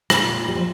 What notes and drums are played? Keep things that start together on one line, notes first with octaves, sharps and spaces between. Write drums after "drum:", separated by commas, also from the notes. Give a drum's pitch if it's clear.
A#2, drum: rim click
G3
F3